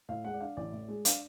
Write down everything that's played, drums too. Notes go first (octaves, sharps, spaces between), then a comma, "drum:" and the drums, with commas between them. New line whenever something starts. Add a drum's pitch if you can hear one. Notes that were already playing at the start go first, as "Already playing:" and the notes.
A2 F5
G#3 F#5
D5
D4 F5
A1 D5
A2
G#3
D4 F5, drum: hi-hat